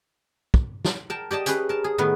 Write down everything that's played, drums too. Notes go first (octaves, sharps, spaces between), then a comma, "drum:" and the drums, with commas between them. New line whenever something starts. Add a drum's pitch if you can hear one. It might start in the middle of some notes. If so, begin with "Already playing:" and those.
drum: kick
drum: snare
A#4 G5 A5
G4 D5 D#5 A5
C#4 G4 G#4 B4, drum: hi-hat
A#4 A5
G#4
A2 D#3 B3 B4